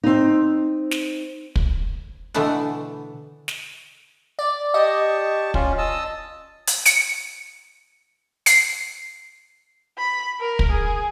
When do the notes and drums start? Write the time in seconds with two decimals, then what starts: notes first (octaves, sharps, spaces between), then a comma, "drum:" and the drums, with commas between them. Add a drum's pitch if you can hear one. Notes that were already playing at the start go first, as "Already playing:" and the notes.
0.03 C4 D#4
0.91 drum: snare
1.56 drum: kick
2.34 B2 D3 E3 A3 B3 F#5
3.48 drum: snare
4.39 D5
4.74 G4 D#5 A5 C#6
5.54 C#4 F4, drum: kick
5.78 D#5 A5 E6
6.67 drum: hi-hat
6.86 C#7, drum: hi-hat
8.46 C7, drum: hi-hat
9.98 B5
10.40 A#4
10.59 drum: kick
10.71 G#4